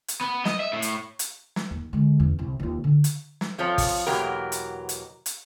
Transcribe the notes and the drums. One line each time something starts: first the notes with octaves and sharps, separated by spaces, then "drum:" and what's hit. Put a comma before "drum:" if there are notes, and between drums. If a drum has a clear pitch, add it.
drum: hi-hat
B3
D#5, drum: snare
E5
A2
drum: hi-hat
drum: hi-hat
drum: snare
D#2
D3 G#3
E2 C#4
C2
D#2 F4
D3
drum: hi-hat
drum: snare
F2 F3 F4 C#5 A5
drum: kick, open hi-hat
E2 B2 F#3 A#3 G4 A#4
drum: hi-hat
drum: hi-hat
drum: hi-hat